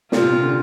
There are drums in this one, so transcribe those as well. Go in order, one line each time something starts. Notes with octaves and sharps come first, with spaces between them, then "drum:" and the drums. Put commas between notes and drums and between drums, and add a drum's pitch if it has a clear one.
C3 F4, drum: snare
A#2
C3
D3